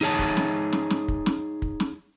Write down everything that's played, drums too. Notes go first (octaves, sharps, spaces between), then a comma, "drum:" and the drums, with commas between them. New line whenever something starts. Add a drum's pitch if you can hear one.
D#4 G#4 C#5 A5
drum: kick
drum: snare
drum: snare
drum: snare
drum: kick
drum: snare
drum: kick
drum: snare